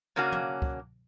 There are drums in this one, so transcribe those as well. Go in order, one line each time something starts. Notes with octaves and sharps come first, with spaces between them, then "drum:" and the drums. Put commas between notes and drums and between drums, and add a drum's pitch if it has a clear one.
C#3 A#3 C#4 D4 F#4 G#5
drum: tom
drum: kick